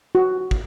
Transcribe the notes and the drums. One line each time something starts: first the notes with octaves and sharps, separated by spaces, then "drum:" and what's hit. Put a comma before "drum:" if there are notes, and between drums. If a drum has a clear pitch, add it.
F#4
drum: kick